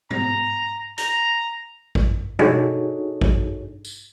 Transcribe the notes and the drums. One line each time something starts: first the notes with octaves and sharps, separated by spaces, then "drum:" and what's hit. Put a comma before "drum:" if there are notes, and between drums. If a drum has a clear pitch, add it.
A#5, drum: tom
A#5, drum: hi-hat
drum: kick A1
D4 D#4 F#4 G#4 A4 C#5, drum: tom
drum: kick A1
drum: tambourine